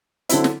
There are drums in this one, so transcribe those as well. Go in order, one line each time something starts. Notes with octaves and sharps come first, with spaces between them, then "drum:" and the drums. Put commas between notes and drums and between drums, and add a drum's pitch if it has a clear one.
D3 F#3 C4 E4, drum: hi-hat
drum: snare